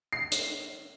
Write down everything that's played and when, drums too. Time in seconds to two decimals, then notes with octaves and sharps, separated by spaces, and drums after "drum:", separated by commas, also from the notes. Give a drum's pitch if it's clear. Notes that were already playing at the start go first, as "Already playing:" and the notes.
0.13 C7
0.32 drum: hi-hat